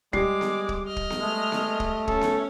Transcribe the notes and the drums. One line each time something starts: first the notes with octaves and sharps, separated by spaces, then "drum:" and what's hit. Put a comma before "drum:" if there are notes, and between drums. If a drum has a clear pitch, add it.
G3 G#3 D6 C7, drum: kick
drum: snare B3
drum: kick
D#5 F6
drum: kick
drum: snare B3
G#3 A3
drum: snare B3
drum: kick
C#4 A4, drum: kick
drum: snare B3